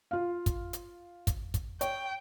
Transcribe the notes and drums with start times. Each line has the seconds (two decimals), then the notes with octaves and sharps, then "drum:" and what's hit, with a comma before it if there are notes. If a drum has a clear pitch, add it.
0.11 F4 F5
0.46 drum: kick, hi-hat
0.73 drum: hi-hat
1.27 drum: kick, hi-hat
1.54 drum: kick, hi-hat
1.81 C#5 G5, drum: hi-hat